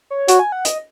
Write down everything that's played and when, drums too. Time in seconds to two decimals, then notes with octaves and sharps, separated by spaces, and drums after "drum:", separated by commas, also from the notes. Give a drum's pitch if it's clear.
0.11 C#5
0.28 F#4, drum: hi-hat
0.39 G#5
0.52 F#5
0.65 D#5, drum: hi-hat